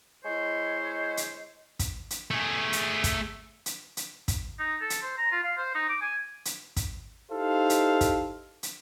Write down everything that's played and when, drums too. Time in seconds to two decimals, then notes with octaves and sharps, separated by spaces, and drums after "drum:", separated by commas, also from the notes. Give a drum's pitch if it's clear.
0.24 G#3 E4 C5 C#5 D#5
1.17 drum: hi-hat
1.79 drum: kick, hi-hat
2.10 drum: hi-hat
2.31 A3 G#4
2.73 drum: hi-hat
3.04 drum: kick, hi-hat
3.66 drum: hi-hat
3.97 drum: hi-hat
4.28 drum: kick, hi-hat
4.59 D#4
4.81 A4
4.90 drum: hi-hat
5.02 C5
5.18 A#5
5.31 F4
5.43 F5
5.57 C5
5.75 D#4
5.89 D6
6.01 G#5
6.45 drum: hi-hat
6.76 drum: kick, hi-hat
7.31 D#4 E4 G4 A4 C5 F5
7.70 drum: hi-hat
8.01 drum: kick, hi-hat
8.63 drum: hi-hat